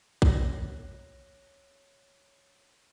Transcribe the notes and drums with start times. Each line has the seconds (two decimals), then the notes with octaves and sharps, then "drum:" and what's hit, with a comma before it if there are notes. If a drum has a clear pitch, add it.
0.22 C#5 F#6 A#6, drum: kick